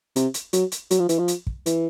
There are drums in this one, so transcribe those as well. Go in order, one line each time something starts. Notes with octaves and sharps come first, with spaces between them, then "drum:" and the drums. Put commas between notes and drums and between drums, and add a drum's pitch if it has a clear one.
C3, drum: hi-hat
drum: hi-hat
F#3, drum: hi-hat
drum: hi-hat
F#3, drum: hi-hat
F3
E3, drum: hi-hat
F3
drum: hi-hat
drum: kick
E3, drum: hi-hat